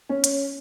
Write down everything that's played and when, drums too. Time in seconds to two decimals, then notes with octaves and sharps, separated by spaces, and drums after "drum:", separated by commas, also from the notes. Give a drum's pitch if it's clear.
0.09 C#4
0.24 drum: hi-hat